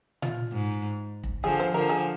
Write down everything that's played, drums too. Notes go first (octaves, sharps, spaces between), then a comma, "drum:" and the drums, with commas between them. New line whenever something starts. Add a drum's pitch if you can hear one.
F4, drum: tom
G#2
drum: kick
D3 F3 G#4
C5
D3 F3 A#4
G#4